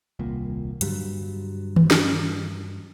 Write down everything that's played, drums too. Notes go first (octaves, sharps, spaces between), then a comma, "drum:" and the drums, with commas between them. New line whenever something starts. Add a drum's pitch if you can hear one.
D#1 C2 A#2
G2 D3 F#3 G3, drum: hi-hat
drum: tom D#3
drum: snare